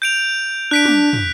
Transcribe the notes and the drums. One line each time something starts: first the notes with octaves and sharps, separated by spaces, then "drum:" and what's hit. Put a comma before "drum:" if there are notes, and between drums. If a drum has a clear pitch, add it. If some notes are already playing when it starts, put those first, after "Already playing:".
G6 D7 F7
D4 F#6 B6 D7
drum: tom
drum: tom